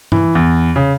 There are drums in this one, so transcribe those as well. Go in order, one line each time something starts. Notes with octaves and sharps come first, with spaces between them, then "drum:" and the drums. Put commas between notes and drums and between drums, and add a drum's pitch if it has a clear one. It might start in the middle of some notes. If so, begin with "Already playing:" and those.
E3, drum: tom G2
E2
C#3